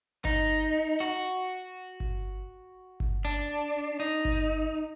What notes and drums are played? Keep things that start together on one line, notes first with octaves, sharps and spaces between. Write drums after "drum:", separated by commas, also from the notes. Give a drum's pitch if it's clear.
D#4, drum: kick G1
F#4
drum: kick G1
drum: kick G1
D4
D#4
drum: kick G1